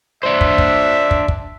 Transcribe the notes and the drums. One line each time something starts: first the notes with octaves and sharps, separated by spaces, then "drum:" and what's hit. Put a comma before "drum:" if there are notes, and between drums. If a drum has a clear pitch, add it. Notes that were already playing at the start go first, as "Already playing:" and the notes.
D4 C5 E5
drum: kick
drum: kick
drum: kick
drum: kick